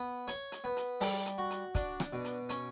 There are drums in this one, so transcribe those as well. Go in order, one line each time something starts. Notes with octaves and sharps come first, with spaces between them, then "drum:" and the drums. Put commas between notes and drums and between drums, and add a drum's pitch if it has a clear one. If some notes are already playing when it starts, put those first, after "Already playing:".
Already playing: B3
C#5, drum: hi-hat
drum: hi-hat
B3
drum: hi-hat
G3, drum: open hi-hat
drum: hi-hat
F#4
drum: hi-hat
D4, drum: kick, hi-hat
drum: rim click
B2
drum: hi-hat
C#4, drum: hi-hat